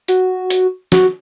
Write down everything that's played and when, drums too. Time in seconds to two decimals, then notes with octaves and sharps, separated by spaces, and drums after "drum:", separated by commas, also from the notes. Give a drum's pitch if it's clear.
0.08 F#4, drum: hi-hat
0.50 drum: hi-hat
0.92 F#4, drum: snare